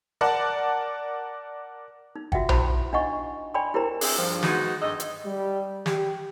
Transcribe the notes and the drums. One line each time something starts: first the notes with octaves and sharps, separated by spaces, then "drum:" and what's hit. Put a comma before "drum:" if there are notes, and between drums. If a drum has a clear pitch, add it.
A#4 D5 F#5 A5
D#4
F4 F#4 E5 F#5 G5, drum: kick
E4 F#4 C5 B5 C6, drum: tom B1
D4 D#4 D#5 F#5 C#6
D5 G5 G#5 B5 C6
E4 G4 A#4 C5 A#5
C4 D4 E4 G#4, drum: open hi-hat
G2 F3
G#3 B3 D#4 F#4, drum: snare
G2 A4 D#5
drum: hi-hat
G3
G4, drum: snare